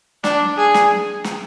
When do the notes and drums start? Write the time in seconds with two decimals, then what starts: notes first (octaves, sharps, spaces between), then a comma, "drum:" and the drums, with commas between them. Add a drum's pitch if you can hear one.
0.24 D4, drum: snare
0.57 G#4
0.74 drum: snare
1.24 drum: snare